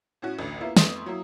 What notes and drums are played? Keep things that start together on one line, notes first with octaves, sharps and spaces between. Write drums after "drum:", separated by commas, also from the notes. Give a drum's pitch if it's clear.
A2 C#4 F#4
A1 D2
A#3 B3 E4 F4 E5
F2 A3 B3 C6 D#6, drum: snare
F#3 A#3 E4